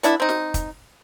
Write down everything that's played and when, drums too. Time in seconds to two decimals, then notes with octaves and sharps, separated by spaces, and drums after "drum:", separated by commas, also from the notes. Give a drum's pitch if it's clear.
0.03 B3 D4 E4, drum: hi-hat
0.20 C4 D#4
0.29 drum: snare
0.54 drum: kick, hi-hat